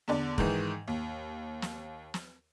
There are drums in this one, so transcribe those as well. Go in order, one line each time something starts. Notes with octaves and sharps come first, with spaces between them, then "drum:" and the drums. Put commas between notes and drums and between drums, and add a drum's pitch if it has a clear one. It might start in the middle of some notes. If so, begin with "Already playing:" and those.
E2 D3 D5
G#2 D#3 E3, drum: kick
D#2
drum: snare
drum: snare